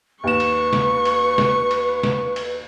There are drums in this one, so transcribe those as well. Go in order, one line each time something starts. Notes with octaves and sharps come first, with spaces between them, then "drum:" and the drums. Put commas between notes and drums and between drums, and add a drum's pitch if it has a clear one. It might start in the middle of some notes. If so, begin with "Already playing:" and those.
D#2 B4 C#6 E7
drum: cymbal
drum: snare
drum: cymbal
drum: snare
drum: cymbal
drum: snare
drum: cymbal